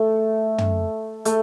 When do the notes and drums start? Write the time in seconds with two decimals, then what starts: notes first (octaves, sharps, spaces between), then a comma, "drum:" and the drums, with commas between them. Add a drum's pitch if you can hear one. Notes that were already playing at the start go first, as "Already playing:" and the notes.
Already playing: A3
0.58 drum: tom
1.25 A3, drum: hi-hat